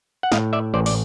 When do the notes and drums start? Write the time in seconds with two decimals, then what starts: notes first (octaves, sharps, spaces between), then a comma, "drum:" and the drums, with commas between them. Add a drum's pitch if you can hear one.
0.23 F#5
0.32 A2 D#5 F5, drum: snare
0.53 D5 E5
0.74 A1 C5 D5
0.86 D5, drum: open hi-hat